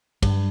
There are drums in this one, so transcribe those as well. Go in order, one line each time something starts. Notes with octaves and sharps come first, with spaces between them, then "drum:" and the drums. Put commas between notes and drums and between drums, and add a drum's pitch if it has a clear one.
G2, drum: kick, cymbal